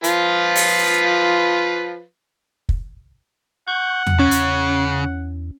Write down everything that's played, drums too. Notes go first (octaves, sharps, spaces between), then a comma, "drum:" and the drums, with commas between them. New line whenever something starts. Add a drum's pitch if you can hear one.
F3 F4 B4, drum: hi-hat
drum: open hi-hat
drum: kick
F#5 C#6 G6
drum: tom E2
E2 C#3 C#4
drum: hi-hat